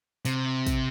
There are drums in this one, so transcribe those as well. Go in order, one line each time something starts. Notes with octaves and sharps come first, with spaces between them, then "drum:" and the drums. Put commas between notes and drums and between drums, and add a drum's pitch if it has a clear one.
C3, drum: tambourine
drum: kick, tambourine